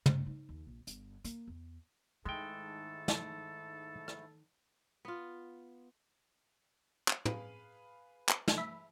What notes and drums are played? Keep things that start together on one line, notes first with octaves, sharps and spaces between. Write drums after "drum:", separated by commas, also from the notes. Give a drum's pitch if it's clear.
G2, drum: tom
D#4
D#2
A#1
G1, drum: hi-hat
A#3, drum: hi-hat
E2
G#2 D#3 G#3 A3 E4 A4 G5
drum: snare
drum: rim click
B3 F4
drum: clap
G#4 B4 F5, drum: tom
drum: clap
drum: snare
E5 B5